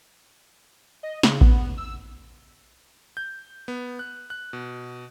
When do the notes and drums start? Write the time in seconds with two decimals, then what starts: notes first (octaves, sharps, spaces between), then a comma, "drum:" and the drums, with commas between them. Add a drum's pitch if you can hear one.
1.03 D#5
1.23 C#3, drum: snare
1.41 B3, drum: kick A1
1.78 E6
3.17 G6
3.68 B3
3.99 F#6
4.30 F#6
4.53 B2